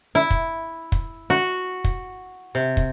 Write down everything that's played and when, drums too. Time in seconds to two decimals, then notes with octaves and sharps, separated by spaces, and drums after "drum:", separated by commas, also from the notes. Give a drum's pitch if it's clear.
0.15 E4
0.30 drum: kick
0.92 drum: kick
1.30 F#4
1.84 drum: kick
2.55 C3
2.77 drum: kick